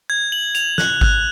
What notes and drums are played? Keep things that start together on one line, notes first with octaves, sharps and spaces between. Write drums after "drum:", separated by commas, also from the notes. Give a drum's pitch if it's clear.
G#6
F#7
F7, drum: hi-hat
F#6, drum: snare
F#6, drum: kick G#1